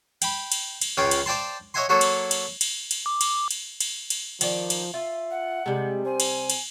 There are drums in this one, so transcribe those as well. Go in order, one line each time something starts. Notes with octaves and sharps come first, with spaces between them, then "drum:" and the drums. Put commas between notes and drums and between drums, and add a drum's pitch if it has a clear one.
G5 B5, drum: cymbal
drum: cymbal
drum: cymbal
C#2 C#3 F4 C#5 G5
drum: cymbal
C5 D5 F5 G5 A5 C6
C#5 D#5 E5 F#5 G#5 C6
F#3 A#3 F#4 A4 C#5
drum: cymbal
drum: cymbal
drum: cymbal
drum: cymbal
D6
drum: cymbal
drum: cymbal
drum: cymbal
drum: cymbal
D#3 F3 D5, drum: cymbal
drum: cymbal
F4 E5
F#5
C3 G3 G#3
C5 G#5
drum: cymbal
drum: cymbal